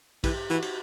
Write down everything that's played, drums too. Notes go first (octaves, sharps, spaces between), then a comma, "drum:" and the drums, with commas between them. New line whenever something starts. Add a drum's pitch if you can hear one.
E3 G4, drum: kick, cymbal
E3 F#4
drum: cymbal